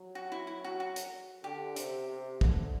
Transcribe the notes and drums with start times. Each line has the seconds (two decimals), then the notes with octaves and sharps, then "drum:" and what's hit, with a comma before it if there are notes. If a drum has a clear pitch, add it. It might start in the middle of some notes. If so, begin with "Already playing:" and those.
Already playing: F#3
0.15 F#4
0.32 E4
0.47 E4
0.64 F#4
0.80 F#4
0.96 drum: hi-hat
1.44 D3 G4
1.76 C3, drum: hi-hat
2.09 C3
2.41 D3, drum: kick